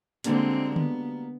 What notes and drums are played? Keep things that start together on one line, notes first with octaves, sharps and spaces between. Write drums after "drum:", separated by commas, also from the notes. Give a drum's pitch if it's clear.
D3 G3 G#3 A#3 C4 F#4, drum: hi-hat
B3, drum: tom D3